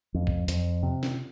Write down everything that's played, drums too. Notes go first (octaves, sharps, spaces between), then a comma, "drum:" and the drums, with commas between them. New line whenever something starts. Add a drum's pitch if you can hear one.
F2
drum: kick B1
F2, drum: hi-hat
C3
drum: snare